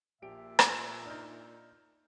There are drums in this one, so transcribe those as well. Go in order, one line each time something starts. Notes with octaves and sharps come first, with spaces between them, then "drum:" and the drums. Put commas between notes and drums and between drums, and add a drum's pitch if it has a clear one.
A#1 A#2 G4 E5 D7
drum: rim click
D4 D#4 D#6 F6 G6